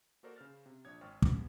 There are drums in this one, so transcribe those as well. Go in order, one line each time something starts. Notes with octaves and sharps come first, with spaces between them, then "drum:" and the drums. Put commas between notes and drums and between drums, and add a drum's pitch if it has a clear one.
A#3 F#4 A4 A#4 C5 D5
C#3 C5 F6 A6
C3
A#1 D4 C#5 D#6 G#6
G#1 C5 G5 C#6 F6 A6
E2 B3 G4 C5, drum: kick